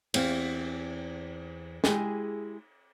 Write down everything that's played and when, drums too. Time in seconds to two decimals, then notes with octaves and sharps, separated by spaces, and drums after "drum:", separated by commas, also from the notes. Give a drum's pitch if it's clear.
0.14 E2 C4 F5, drum: cymbal
1.84 G#3 E4 G4 G#4, drum: snare